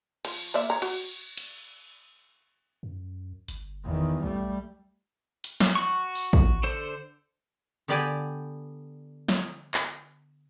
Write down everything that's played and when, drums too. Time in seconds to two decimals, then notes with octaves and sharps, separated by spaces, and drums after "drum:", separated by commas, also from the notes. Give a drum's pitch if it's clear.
0.25 F3, drum: cymbal
0.54 A#3 D5 E5
0.70 C#5 A#5
0.82 F#4, drum: cymbal
1.37 drum: cymbal
2.83 F#2
3.48 G1, drum: hi-hat
3.85 E2 D#3
4.24 B1 G3 A3
5.44 drum: hi-hat
5.60 drum: snare
5.75 F#4 C#6
6.15 drum: open hi-hat
6.33 drum: kick
6.63 D3 A4 C5
7.88 D3 B3 G4 D5 G5 G#5
9.28 drum: snare
9.74 drum: clap